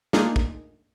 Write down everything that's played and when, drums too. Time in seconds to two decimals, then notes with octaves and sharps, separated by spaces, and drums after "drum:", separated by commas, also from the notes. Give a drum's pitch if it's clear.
0.13 A3 A#3 D4 D#4 F4 G#4, drum: snare
0.36 drum: kick